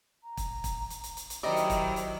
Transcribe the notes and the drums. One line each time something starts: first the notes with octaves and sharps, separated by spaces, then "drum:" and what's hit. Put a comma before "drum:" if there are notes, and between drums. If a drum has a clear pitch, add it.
A#5
drum: kick, hi-hat
drum: kick, hi-hat
drum: hi-hat
drum: hi-hat
drum: hi-hat
drum: hi-hat
D#3 F#3 D#4 E4 G4 C5 D5 D#5
drum: hi-hat
drum: kick, hi-hat
drum: hi-hat